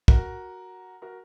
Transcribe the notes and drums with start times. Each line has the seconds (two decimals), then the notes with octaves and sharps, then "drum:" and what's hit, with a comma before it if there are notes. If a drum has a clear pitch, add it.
0.08 F#4 A#4, drum: kick
1.02 F#4 A#4